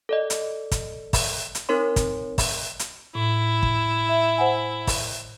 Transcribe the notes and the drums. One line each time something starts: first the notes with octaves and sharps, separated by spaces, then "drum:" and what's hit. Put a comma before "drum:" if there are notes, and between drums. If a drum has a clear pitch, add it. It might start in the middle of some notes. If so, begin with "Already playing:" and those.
A4 D5 D#5
drum: hi-hat
drum: kick, hi-hat
drum: kick, open hi-hat
drum: hi-hat
C4 D#4 A#4 C#5 C6
drum: kick, hi-hat
drum: kick, open hi-hat
drum: hi-hat
A2 E4
drum: kick
E5
C5 F#5 G#5
drum: kick, open hi-hat